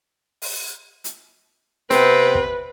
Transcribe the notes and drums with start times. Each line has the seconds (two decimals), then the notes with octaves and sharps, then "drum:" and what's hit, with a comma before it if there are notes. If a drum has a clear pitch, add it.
0.42 drum: open hi-hat
1.04 drum: hi-hat
1.91 C3 B3 C4 B4, drum: snare
2.35 drum: kick